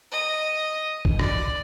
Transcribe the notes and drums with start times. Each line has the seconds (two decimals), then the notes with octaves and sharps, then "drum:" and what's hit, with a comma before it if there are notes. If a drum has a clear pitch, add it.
0.12 D#5
1.05 drum: kick
1.19 D5, drum: rim click